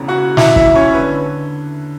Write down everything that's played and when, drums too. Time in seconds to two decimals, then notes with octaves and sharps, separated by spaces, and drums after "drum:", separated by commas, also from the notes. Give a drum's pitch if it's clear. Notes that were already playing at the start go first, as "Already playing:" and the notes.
Already playing: E1 E2 C#3
0.08 F#4 F#5
0.37 E4 E5, drum: snare
0.56 E4 E5, drum: kick
0.75 C#4 C#5
0.94 B4
0.97 D3